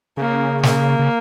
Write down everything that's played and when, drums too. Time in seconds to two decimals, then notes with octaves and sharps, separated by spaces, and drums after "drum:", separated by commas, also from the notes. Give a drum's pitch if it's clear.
0.17 C#3 A#3
0.63 A#3, drum: snare
0.99 C#3